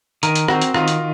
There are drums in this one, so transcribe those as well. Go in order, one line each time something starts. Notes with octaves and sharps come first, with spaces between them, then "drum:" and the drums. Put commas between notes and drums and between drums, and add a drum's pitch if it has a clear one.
D#3 A#4, drum: hi-hat
drum: hi-hat
C4 F#4, drum: rim click
drum: hi-hat
D#3 F4, drum: rim click
drum: hi-hat